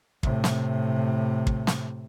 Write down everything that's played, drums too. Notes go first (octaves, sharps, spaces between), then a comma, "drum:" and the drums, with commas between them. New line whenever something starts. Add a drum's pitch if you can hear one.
A2 C3, drum: kick
drum: snare
drum: kick
drum: snare